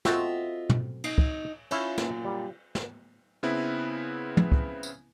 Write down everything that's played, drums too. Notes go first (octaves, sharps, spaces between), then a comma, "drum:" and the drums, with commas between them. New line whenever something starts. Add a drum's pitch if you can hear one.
C4 F4 F#4 A4 D#5 E5, drum: snare
drum: tom
D#4, drum: cymbal
drum: kick
C#4 E4 F4, drum: cymbal
F#2 A#2, drum: snare
G3
drum: snare
C#3 B3 C4 E4 B4
drum: tom
drum: kick
drum: tambourine